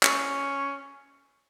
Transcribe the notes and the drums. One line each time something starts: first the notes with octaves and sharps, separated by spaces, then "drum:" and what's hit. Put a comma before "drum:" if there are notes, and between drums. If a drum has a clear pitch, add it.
C#4, drum: clap